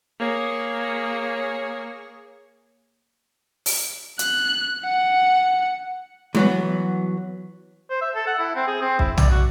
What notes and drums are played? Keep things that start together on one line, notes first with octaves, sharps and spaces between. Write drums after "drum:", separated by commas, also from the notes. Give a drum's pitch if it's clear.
A#3 G#4 C#5
drum: open hi-hat
F#6, drum: hi-hat
F#5
E3 F#3 B3, drum: tom G3
C5
E5
A4
F#5
E4
C4
G#4
C4
E4, drum: kick B1
D5, drum: tom
F#4